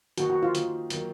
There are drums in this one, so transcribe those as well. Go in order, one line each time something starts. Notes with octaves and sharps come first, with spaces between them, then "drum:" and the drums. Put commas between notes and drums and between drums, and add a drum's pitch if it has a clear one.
D#3 A#3 D#4 F#4, drum: hi-hat
F#4
F4
D#3 A#3 D#4, drum: hi-hat
D#3 F#3 A#3, drum: hi-hat